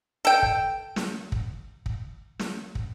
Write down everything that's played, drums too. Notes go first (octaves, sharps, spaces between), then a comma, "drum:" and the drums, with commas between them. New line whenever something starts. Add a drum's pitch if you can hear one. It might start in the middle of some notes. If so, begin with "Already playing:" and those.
A4 G5
drum: kick
drum: snare
drum: kick
drum: kick
drum: snare
drum: kick